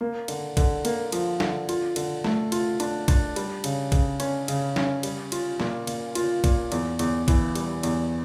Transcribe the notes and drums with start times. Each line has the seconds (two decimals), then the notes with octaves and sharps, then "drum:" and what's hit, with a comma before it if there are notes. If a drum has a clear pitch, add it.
0.01 A#3
0.28 D3, drum: cymbal
0.57 D3, drum: kick A#1, cymbal
0.85 A#3, drum: cymbal
1.12 F3, drum: cymbal
1.40 D3, drum: snare
1.69 F4, drum: cymbal
1.96 D3, drum: cymbal
2.24 A3, drum: snare
2.52 F4, drum: cymbal
2.80 D4, drum: cymbal
3.08 D4, drum: kick A#1, cymbal
3.36 G3, drum: cymbal
3.64 C#3, drum: cymbal
3.92 C#3, drum: kick A#1, cymbal
4.20 C#4, drum: cymbal
4.48 C#3, drum: cymbal
4.76 C#4, drum: snare
5.03 G3, drum: cymbal
5.32 F4, drum: cymbal
5.60 A#2, drum: snare
5.87 A#2, drum: cymbal
6.15 F4, drum: cymbal
6.44 A#2, drum: kick A#1, cymbal
6.72 E2, drum: cymbal
6.99 E2, drum: cymbal
7.28 E3, drum: kick A#1, cymbal
7.55 G3, drum: cymbal
7.83 E2, drum: cymbal